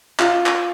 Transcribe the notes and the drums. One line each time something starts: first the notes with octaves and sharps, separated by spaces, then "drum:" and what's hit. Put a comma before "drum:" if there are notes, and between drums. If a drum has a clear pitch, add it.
F4, drum: clap
drum: clap